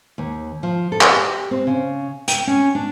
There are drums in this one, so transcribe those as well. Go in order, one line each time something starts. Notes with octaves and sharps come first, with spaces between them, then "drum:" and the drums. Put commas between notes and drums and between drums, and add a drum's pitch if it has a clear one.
D#2
F3
A4
drum: clap
G4
C4
C#3
G5, drum: hi-hat
C#4
D4